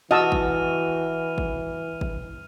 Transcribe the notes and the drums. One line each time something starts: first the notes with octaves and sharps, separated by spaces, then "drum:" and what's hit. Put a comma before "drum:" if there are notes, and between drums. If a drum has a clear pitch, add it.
E3 F#4 D#5 A5 E6 F6 D#7 F7
drum: kick
drum: kick
drum: kick